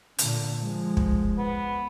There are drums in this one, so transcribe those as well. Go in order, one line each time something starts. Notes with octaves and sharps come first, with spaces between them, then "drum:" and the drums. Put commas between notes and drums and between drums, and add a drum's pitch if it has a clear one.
A#2 D3, drum: hi-hat
F3 G#3
drum: kick
B3